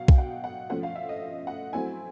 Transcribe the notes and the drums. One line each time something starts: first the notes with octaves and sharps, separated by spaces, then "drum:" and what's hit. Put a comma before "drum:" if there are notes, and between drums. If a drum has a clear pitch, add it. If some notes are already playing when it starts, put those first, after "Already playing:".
Already playing: B2 F#3 B3 F5
G5, drum: kick B1
F#5
F#5
F3 A3 C#4 F#5
F5
E5
D#5
F#5
F#3 A3 C4 E4 G#5